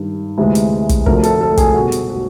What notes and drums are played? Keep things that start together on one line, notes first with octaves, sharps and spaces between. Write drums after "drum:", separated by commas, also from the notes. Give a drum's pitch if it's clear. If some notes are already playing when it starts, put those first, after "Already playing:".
Already playing: G2 D#3 G3
D2 C3 E3 G#3
drum: hi-hat
drum: kick, hi-hat
F1 F2 D3 F#3 A3 A#4, drum: kick
A4, drum: hi-hat
A4
G#4, drum: kick, hi-hat
B1 B2 G3 F#4
drum: hi-hat
F#4